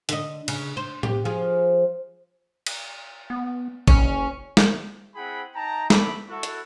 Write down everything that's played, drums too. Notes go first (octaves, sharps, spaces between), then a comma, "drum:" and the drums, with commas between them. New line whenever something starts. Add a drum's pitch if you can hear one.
D3 D#5, drum: hi-hat
C#3, drum: cymbal
C5
G4, drum: tom A2
F3 F4 G#4
drum: cymbal
B3
F#1 C#4, drum: kick A1
drum: snare
C4 E4 G#4 F#5 G5 B5
D#4 G5 A5 A#5
A3 B3 D4 A4 B5 D6, drum: snare
E4 F#4 A4
drum: hi-hat